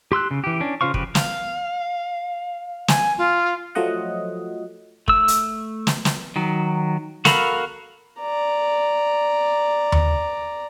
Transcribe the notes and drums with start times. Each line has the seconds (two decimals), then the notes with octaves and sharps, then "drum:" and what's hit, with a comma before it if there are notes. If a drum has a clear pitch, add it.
0.12 G4 C6 E6 F#6
0.31 C#3
0.44 E3 G4
0.61 C#4 D4
0.81 C#3 F4 C5 F5 C#6
0.94 C#3 F3 G4 B4, drum: kick
1.15 F5, drum: snare
2.88 G#5, drum: snare
3.17 F4
3.75 F3 F#3 A3 F4 D#5 F#5
5.08 A3 E6, drum: kick
5.28 drum: hi-hat
5.87 drum: snare
6.05 drum: snare
6.36 D#3 F#3
7.25 F#4 A4 A#4 F5 B5, drum: snare
8.19 D5 A#5
9.92 drum: tom D#2